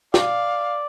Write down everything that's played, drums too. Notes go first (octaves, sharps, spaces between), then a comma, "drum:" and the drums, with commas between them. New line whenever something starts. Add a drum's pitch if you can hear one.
D5 F5, drum: snare